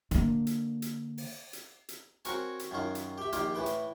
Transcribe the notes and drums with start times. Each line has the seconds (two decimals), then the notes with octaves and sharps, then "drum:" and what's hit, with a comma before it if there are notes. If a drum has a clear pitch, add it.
0.11 D3 A#3, drum: hi-hat
0.47 drum: hi-hat
0.82 drum: hi-hat
1.18 drum: open hi-hat
1.53 drum: hi-hat
1.89 drum: hi-hat
2.25 C4 F#4 A#4 C#5 G#5, drum: hi-hat
2.59 drum: hi-hat
2.71 F#2 D#3 F#3 F4
2.95 drum: hi-hat
3.18 G4 E5
3.33 A#1 D#3 A#3 F4 G4 G5, drum: hi-hat
3.55 A2 E3 B4 G5
3.66 drum: hi-hat